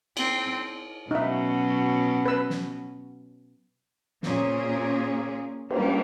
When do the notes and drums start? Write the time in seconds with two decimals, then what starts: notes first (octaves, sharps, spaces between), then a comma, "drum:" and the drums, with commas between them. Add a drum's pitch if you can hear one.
0.17 C4, drum: cymbal
1.11 B2 F#3 C#4 D#4 E5
2.26 B4 E6
2.50 drum: snare
4.23 A#2 C#3 A#3 C4 C#4 G#4, drum: snare
5.70 G3 A#3, drum: cymbal